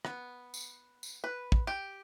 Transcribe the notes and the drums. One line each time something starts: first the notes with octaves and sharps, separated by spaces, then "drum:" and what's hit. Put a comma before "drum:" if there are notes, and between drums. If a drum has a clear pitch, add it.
B3, drum: rim click
drum: tambourine
drum: tambourine
B4
drum: kick
G4